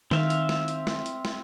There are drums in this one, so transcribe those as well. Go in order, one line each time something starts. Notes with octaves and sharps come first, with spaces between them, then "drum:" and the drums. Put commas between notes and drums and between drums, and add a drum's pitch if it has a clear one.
D#3 C4 E5 F5, drum: snare
drum: hi-hat
drum: snare
drum: hi-hat
drum: snare
drum: hi-hat
drum: snare